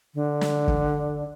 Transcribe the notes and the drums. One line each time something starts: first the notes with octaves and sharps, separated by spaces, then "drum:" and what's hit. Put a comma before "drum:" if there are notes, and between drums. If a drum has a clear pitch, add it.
D3
drum: snare
drum: kick